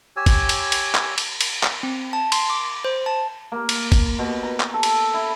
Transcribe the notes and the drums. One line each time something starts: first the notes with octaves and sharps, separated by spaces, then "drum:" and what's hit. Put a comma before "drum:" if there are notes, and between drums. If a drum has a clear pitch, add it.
G4 C#5 G#5 E6
drum: kick, cymbal
drum: cymbal
drum: cymbal
drum: clap
drum: cymbal
drum: cymbal
drum: clap
C4
A5
C6, drum: cymbal
D6
C5
A5
A#3
drum: cymbal
drum: kick, cymbal
B2
A#5
drum: clap
A4
drum: cymbal
E4